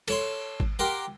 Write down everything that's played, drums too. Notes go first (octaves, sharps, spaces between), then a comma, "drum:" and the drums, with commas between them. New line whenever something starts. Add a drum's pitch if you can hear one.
A4 C#5 C6, drum: cymbal
drum: kick G#1
G4 A#4 F#5 C6